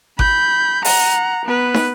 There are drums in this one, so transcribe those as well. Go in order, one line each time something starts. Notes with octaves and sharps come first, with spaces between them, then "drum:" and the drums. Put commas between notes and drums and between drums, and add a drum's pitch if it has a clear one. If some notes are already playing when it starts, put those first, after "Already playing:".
B5 G6, drum: kick G#1
F#5 A#5, drum: open hi-hat
B3 B4
drum: snare